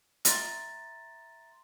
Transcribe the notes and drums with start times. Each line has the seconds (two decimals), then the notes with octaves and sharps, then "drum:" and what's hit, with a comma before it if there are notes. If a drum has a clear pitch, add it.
0.25 E5 A#5 C6 A6 A#6, drum: hi-hat